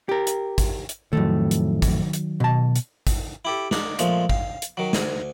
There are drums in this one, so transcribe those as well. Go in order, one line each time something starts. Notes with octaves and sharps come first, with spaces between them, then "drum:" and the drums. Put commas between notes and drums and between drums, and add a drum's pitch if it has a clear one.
G4 A#4
drum: hi-hat
drum: kick, hi-hat
drum: hi-hat
F2 A2 D#3 F#3 A3
drum: hi-hat
drum: kick, hi-hat
drum: hi-hat
B2 A5
drum: hi-hat
drum: kick, hi-hat
E4 G4 A4
D4 D#4, drum: snare
A#2 F3 G#3 A3, drum: hi-hat
F5, drum: kick
drum: hi-hat
D#3 F#3
D2 G#5, drum: snare